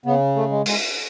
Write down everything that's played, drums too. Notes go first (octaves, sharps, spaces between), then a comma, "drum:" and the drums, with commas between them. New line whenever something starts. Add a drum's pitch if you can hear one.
C#3 B3
A3
G#3
G#3, drum: open hi-hat